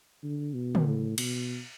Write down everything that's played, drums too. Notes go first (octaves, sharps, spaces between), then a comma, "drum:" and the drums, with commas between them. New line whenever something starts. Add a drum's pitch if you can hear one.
D3
B2
drum: tom
A2
B2, drum: cymbal